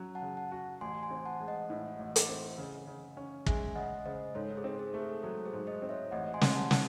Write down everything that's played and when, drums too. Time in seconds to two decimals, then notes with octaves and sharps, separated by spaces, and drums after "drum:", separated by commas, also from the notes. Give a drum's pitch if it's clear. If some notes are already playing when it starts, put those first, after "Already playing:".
Already playing: F#3 C#4
0.15 F#5 A5
0.22 C#3
0.37 F#5 A5
0.52 F#4
0.81 A1 G#5 C6
1.03 G#5 C6
1.11 C4
1.25 F#5 A5
1.40 G#3
1.48 D#5 F#5
1.70 A2
1.99 A1
2.16 drum: hi-hat
2.29 C4
2.58 C#3
2.87 C#3
3.17 C#4
3.46 G#3 E5 G#5, drum: kick
3.75 C#3 D#5 F#5
4.06 C#3 C5 D#5
4.35 G#2 A4 C#5
4.57 G#4 C5
4.64 C4
4.79 G#4
4.94 A3
5.02 A4
5.23 F#3 A4
5.46 G#4 C5
5.53 G#2
5.67 C5 D#5
5.82 C4
5.89 C#5 E5
6.11 A1 D#5 F#5
6.34 G#5 C6
6.41 A1, drum: snare
6.56 F#5 A5
6.71 E3, drum: snare